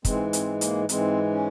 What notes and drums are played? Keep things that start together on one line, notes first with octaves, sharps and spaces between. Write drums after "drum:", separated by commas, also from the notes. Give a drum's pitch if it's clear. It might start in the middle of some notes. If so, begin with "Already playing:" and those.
G#2 E3 G#3 C4, drum: kick, hi-hat
C4, drum: hi-hat
A#3, drum: hi-hat
G#2 E3 G#3 C4, drum: hi-hat
C#4